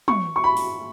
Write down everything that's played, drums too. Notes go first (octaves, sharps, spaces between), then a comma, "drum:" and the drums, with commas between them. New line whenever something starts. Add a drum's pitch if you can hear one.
C#6, drum: tom
C#6
B5
drum: open hi-hat